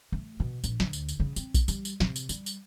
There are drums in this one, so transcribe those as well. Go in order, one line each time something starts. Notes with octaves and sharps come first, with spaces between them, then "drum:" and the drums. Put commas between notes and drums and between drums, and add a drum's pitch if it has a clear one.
A3
B2
A#1, drum: tambourine
D2, drum: snare
drum: tambourine
drum: tambourine
C#3
C4, drum: tambourine
drum: kick A#1, tambourine
G3, drum: tambourine
drum: tambourine
C3, drum: snare
drum: tambourine
G3, drum: tambourine
drum: tambourine